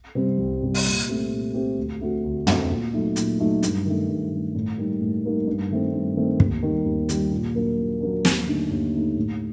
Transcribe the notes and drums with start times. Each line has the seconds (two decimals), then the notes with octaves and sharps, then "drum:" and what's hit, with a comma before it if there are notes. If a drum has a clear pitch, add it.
0.15 C3 G3 C4
0.38 C2
0.62 C3 G3 C4
0.74 drum: open hi-hat
0.85 A#2
1.08 A3 C4 G4
1.31 A#2
1.54 A3 C4 G4
1.77 D2
2.00 D3 A3 C4 F#4
2.24 D2
2.47 D3 A3 C4 F#4, drum: tom
2.70 A#2
2.92 F#3 A3 D#4
3.16 A#2, drum: hi-hat
3.39 F#3 A3 D#4
3.63 G2, drum: hi-hat
3.86 D#3 A3
4.08 G2
4.31 D#3 A3
4.55 A2
4.77 G3 A#3 D#4
5.01 A2
5.24 G3 A#3 D#4
5.47 G2
5.71 D#3 A3 C4
5.93 G2
6.16 D#3 A3 C4
6.40 D#2, drum: kick
6.62 D#3 G3
6.85 D#2
7.09 D#3 G3, drum: hi-hat
7.31 A#2
7.54 F#3 A#3 D4
7.78 A#2
8.00 F#3 A#3 D4
8.25 D#2, drum: snare
8.47 D3 A3 D#4
8.70 D#2
8.93 D3 A3 D#4
9.16 A2